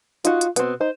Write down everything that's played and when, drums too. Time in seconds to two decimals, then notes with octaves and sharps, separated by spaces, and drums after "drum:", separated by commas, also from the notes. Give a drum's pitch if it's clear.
0.25 D#4 F4 F#4, drum: hi-hat
0.41 drum: hi-hat
0.56 B2 B3 C4, drum: hi-hat
0.81 D#4 C5